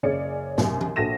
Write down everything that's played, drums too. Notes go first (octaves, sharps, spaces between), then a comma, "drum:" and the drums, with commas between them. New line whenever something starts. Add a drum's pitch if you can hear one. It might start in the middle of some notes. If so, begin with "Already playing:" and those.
F#1 C#4 G#4 D5 C#7
B1 F#2 C3, drum: snare
drum: tom E3
A#1 F#4 A4 A#6 D#7 E7